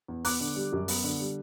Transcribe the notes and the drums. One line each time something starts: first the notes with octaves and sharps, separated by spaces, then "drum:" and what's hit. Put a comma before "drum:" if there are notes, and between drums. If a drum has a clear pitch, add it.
E2
B3 D6 F#6, drum: open hi-hat
D3
G3
F#2
B3, drum: open hi-hat
D3
G3